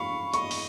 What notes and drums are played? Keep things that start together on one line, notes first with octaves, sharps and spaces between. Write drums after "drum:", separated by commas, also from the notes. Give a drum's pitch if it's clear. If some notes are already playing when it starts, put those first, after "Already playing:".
Already playing: F5 B5 C#6
D#5 C#6, drum: hi-hat
drum: open hi-hat